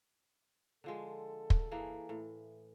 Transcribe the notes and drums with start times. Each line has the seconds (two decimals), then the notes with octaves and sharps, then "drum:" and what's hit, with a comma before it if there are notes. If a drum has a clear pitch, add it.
0.84 D3 F3 G#3 A4
1.50 drum: kick
1.71 E3 A#3 G#4
2.09 A2